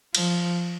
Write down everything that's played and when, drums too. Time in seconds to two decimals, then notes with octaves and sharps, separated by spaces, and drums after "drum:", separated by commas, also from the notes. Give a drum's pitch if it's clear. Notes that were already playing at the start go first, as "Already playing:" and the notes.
0.15 F3, drum: cymbal